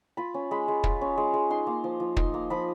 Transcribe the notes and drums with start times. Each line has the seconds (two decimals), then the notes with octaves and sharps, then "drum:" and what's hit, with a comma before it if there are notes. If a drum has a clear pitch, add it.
0.17 F4 B5
0.34 C#4
0.51 G#3 B5
0.68 G#3
0.84 F4 B5, drum: kick
1.01 C#4
1.17 G#3
1.34 G#3
1.51 D#4 C6
1.67 A#3
1.84 F3
2.00 F3
2.17 D#4 C6, drum: kick
2.34 A#3
2.50 F3 B5